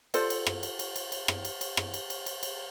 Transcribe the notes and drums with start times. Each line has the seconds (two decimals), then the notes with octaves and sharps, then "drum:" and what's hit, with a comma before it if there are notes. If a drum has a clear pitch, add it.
0.14 F4 A4 C5 D5, drum: cymbal
0.30 drum: cymbal
0.47 drum: rim click
0.63 drum: cymbal
0.79 drum: cymbal
0.96 drum: cymbal
1.12 drum: cymbal
1.28 drum: rim click
1.45 drum: cymbal
1.61 drum: cymbal
1.77 drum: rim click
1.94 drum: cymbal
2.10 drum: cymbal
2.26 drum: cymbal
2.43 drum: cymbal